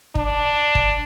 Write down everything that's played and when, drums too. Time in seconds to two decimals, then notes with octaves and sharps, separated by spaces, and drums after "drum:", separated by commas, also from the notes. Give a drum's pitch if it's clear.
0.15 D4, drum: kick
0.75 drum: kick